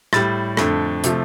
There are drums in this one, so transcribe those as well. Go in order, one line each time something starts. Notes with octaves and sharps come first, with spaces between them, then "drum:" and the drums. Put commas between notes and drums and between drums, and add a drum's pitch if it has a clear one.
A2 G3 A6, drum: rim click
F2 D3 A3, drum: rim click
C3 F3 A3, drum: hi-hat